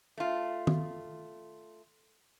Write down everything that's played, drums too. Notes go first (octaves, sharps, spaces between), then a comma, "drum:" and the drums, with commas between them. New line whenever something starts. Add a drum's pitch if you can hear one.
A3 F4
drum: tom D#3